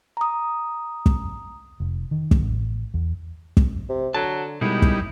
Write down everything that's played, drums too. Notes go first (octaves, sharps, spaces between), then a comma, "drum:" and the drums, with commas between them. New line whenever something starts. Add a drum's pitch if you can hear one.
A#5 D#6
drum: kick
F1
D#3
drum: kick
A1
E2
drum: kick
C3
D3 F#3 A5
F#2 B2 G3 G#3 D#4 E4
drum: kick